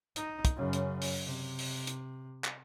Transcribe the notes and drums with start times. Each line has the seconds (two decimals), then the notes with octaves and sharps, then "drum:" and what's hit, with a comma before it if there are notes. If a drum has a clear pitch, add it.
0.16 D#4, drum: hi-hat
0.45 drum: kick, hi-hat
0.56 F#2 C#3
0.73 drum: hi-hat
1.02 drum: open hi-hat
1.26 C3
1.59 drum: open hi-hat
1.87 drum: hi-hat
2.44 drum: clap